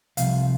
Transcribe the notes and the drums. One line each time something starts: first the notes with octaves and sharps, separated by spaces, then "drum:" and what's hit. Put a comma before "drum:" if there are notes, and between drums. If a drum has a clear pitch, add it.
C2 C3 F3 F5, drum: hi-hat